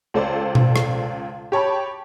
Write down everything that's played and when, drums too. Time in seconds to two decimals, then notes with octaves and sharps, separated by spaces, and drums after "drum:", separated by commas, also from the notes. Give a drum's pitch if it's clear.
0.14 C#2 A4 C5 D5
0.55 drum: tom B2
0.76 drum: rim click
1.52 G4 C#5 A5 B5